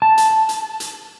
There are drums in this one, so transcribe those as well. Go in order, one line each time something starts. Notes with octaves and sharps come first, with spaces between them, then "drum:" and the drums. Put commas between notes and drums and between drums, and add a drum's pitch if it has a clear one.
A5
drum: hi-hat
drum: hi-hat
drum: hi-hat